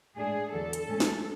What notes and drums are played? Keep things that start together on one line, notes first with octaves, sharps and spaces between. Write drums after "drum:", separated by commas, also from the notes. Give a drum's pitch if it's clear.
A2 G#3 D4 G#4
E2 D3 F#3 A4
drum: hi-hat
A2 G#3 C#4
drum: snare